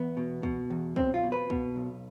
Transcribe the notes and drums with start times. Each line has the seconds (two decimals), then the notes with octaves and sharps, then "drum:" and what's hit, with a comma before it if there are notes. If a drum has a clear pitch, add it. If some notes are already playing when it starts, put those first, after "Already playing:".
Already playing: E2 B3
0.17 B2
0.43 B2, drum: kick
0.70 E2
0.96 B1 C4, drum: kick
1.14 F4
1.23 B2
1.32 B4
1.50 B2, drum: kick
1.76 B1